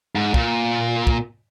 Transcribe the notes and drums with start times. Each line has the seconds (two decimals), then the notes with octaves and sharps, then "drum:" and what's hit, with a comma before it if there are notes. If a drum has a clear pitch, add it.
0.15 G#2
0.34 A#2, drum: kick
1.07 drum: kick